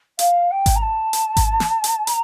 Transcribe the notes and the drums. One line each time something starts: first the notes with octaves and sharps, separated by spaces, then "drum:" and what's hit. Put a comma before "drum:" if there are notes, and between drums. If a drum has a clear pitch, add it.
F5, drum: hi-hat
G5
drum: kick G#1, hi-hat
A#5
A5
drum: hi-hat
drum: kick G#1, hi-hat
drum: snare
drum: hi-hat
A#5, drum: hi-hat